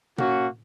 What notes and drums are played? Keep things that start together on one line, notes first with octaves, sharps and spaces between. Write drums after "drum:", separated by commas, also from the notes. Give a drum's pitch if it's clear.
A#3 C#4 F#4, drum: tom A#2